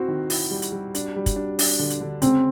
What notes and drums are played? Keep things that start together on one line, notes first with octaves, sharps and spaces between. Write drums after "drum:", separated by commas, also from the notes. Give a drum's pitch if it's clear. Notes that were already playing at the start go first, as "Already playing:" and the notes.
Already playing: C4 E4 F#4
D#3
E4, drum: open hi-hat
G3
drum: hi-hat
G3
D4, drum: hi-hat
G3
drum: kick, hi-hat
D4
D4, drum: open hi-hat
D3
drum: hi-hat
D3
C#3 C4, drum: hi-hat